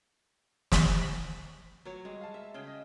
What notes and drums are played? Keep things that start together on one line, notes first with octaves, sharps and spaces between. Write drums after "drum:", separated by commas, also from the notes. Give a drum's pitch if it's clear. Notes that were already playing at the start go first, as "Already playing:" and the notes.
drum: snare
F#3 C#5
G3 G#3
F5 A5
E5
C#3 G#4 G5
D#5